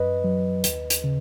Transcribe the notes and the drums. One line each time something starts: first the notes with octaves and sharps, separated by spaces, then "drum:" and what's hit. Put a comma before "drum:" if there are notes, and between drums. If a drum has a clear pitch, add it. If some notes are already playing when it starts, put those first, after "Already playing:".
Already playing: F#2 B4 D#5
F#3
D#2, drum: hi-hat
drum: hi-hat
C#3